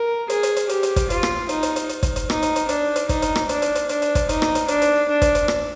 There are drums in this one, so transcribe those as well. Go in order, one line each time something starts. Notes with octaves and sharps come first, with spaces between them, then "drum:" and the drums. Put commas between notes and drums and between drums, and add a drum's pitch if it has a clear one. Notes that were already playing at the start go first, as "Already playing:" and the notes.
Already playing: A#4
G#4, drum: hi-hat
drum: hi-hat
drum: hi-hat
G4, drum: hi-hat
drum: hi-hat
drum: kick, hi-hat
F4, drum: hi-hat
drum: rim click
D#4, drum: hi-hat
drum: hi-hat
drum: hi-hat
drum: hi-hat
drum: kick, hi-hat
drum: hi-hat
D#4, drum: rim click
drum: hi-hat
drum: hi-hat
D4, drum: hi-hat
drum: hi-hat
D#4, drum: kick, hi-hat
drum: hi-hat
drum: rim click
D4, drum: hi-hat
drum: hi-hat
drum: hi-hat
D4, drum: hi-hat
drum: hi-hat
drum: kick, hi-hat
D#4, drum: hi-hat
drum: rim click
drum: hi-hat
D4, drum: hi-hat
drum: hi-hat
D4
drum: kick, hi-hat
drum: hi-hat
drum: rim click